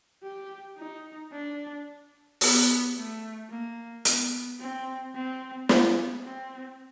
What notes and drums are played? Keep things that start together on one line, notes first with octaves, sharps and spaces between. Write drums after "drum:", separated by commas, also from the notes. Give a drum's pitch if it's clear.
G4
D#4
D4
B3, drum: open hi-hat
A3
A#3
B3, drum: hi-hat
C4
C4
B3, drum: snare
C4